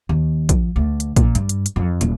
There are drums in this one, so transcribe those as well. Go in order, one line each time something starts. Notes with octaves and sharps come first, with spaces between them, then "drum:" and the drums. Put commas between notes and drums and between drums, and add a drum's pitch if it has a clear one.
D#2
F3, drum: kick, hi-hat
D2
drum: hi-hat
A#2, drum: kick, hi-hat
G2, drum: hi-hat
drum: hi-hat
drum: hi-hat
F2
D#1, drum: hi-hat